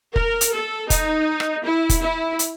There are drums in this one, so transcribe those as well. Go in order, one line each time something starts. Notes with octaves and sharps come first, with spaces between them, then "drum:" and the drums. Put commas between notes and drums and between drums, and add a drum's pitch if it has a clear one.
A#4, drum: kick
drum: hi-hat
A4
D#4, drum: kick, hi-hat
drum: rim click
E4
drum: kick, hi-hat
E4
drum: hi-hat